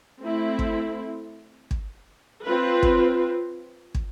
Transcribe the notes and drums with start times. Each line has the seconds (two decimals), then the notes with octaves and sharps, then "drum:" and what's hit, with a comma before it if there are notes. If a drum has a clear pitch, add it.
0.22 A3 C4 E4
0.59 drum: kick
1.71 drum: kick
2.45 C4 F4 B4
2.83 drum: kick
3.95 drum: kick